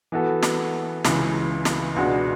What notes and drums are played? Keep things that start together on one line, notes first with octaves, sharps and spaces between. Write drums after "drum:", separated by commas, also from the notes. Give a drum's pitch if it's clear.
E3 B3 F#4 A4
drum: snare
C#2 C#3 E3, drum: snare
drum: snare
C#2 B2 G#3 D4 F#4